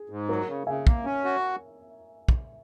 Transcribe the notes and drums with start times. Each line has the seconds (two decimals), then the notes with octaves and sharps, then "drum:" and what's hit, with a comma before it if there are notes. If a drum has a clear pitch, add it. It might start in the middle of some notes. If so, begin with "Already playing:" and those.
Already playing: G#4
0.10 G#2
0.29 F#3 A#4 C#5
0.48 C#3
0.67 C#3 E5 G#5
0.87 A#3, drum: kick
1.05 C#4
1.24 F#4
2.29 drum: kick